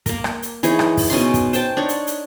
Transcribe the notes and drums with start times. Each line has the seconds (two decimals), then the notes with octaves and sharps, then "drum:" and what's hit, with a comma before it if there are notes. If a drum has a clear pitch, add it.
0.06 A#3 A#4, drum: kick, hi-hat
0.24 drum: rim click
0.42 drum: hi-hat
0.63 E3 D#4 G#4 C#5, drum: hi-hat
0.79 drum: rim click
0.97 drum: kick, open hi-hat
1.10 B2 C#4 D#4 C6
1.34 drum: kick, hi-hat
1.53 C5 G5 A5, drum: hi-hat
1.77 D4 D#4 C#5
1.89 drum: hi-hat
2.07 drum: hi-hat